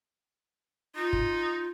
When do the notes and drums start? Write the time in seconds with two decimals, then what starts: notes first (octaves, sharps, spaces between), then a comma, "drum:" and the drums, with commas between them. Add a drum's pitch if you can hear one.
0.96 D#4 F4
1.13 drum: kick